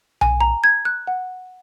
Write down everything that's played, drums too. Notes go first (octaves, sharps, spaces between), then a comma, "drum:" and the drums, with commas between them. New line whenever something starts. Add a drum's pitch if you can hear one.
G#5, drum: tom B1
A#5
G#6
F#6
F#5